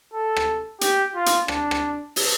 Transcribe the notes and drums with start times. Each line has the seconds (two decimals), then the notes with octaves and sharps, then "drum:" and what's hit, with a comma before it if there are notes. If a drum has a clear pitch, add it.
0.14 A4
0.36 drum: rim click
0.81 G4, drum: hi-hat
1.15 F4
1.26 drum: hi-hat
1.48 D4, drum: rim click
1.71 drum: rim click
2.16 drum: open hi-hat